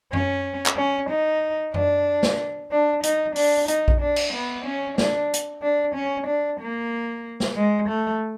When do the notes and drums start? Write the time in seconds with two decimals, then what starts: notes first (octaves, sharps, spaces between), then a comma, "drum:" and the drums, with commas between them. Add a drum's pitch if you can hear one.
0.13 C#4, drum: tom F#2
0.66 drum: clap
0.77 C#4
1.10 D#4
1.74 D4, drum: tom F#2
2.23 drum: snare
2.71 D4
3.03 D#4, drum: hi-hat
3.36 D4, drum: open hi-hat
3.68 D#4, drum: hi-hat
3.88 drum: kick A#1
4.01 D4
4.16 drum: cymbal
4.33 B3
4.65 C#4
4.98 D4, drum: snare
5.34 drum: hi-hat
5.62 D4
5.95 C#4
6.27 D4
6.60 A#3
7.40 drum: snare
7.57 G#3
7.89 A3